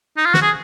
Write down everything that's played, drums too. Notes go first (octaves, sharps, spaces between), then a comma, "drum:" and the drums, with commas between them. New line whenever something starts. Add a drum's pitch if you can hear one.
D#4
F4
F#4, drum: snare
G#4